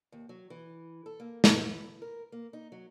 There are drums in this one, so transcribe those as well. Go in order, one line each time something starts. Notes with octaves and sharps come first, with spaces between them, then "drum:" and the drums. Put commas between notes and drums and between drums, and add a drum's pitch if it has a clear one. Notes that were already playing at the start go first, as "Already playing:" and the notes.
D#2
F#3
E3
A4
A#3
E3, drum: snare
A#4
A#3
D#4
F#3